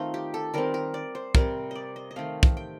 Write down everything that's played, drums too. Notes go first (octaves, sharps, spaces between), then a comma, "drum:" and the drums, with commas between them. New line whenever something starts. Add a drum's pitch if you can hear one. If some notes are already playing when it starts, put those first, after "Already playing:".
Already playing: D#3 A3 C4 D#4 F4
G4
A4
D#3 G3 C4 A#4
A#4
D5
C5
C3 G3 C4 A#4, drum: kick
D5 D#5
D#5
D#5
D#3 A3 C4 F5
drum: kick
G5